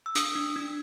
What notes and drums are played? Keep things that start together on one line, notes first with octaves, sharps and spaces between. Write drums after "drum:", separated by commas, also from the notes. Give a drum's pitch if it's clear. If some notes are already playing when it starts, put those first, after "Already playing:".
E6
D4 D#6, drum: hi-hat
D4
D4